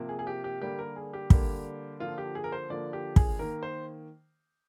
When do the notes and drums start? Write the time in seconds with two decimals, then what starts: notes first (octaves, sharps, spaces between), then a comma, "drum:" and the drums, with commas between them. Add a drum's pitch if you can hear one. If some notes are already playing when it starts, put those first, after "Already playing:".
Already playing: C3 F3 A#3
0.09 G#4
0.19 G#4
0.27 G4
0.44 G4
0.62 D3 G3 A#3 G4
0.79 A#4
0.96 G#4
1.13 G4
1.30 D3 G3 A#3, drum: kick
2.00 D3 F3 A#3 F4
2.18 G4
2.35 G#4
2.44 A#4
2.52 C5
2.70 D3 F3 A#3 D5
2.93 G4
3.16 G#4, drum: kick
3.39 D#3 A#3 A#4
3.63 C5